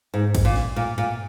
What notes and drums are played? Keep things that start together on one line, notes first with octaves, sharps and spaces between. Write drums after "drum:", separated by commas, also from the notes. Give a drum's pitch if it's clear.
G#2
drum: kick, cymbal
A#2
drum: snare
A#2
A#2